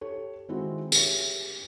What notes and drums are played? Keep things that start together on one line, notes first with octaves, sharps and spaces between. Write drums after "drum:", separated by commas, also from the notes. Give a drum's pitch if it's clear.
G4 A4 C#5
D#3 G#3 C4 E4 F#4
G4 G#4 C#5 E5, drum: tambourine